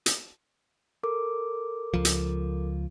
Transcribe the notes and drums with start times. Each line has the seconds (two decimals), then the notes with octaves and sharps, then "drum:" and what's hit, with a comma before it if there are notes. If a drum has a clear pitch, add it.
0.06 drum: hi-hat
1.03 A4 A#4 D6
1.94 C#2 F3
2.05 drum: hi-hat